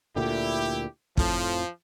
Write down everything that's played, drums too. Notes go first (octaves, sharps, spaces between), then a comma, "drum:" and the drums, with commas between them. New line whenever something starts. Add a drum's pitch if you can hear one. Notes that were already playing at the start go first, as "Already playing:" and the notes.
D2 A#2 D3 E4 G4
F2 A2 F3, drum: kick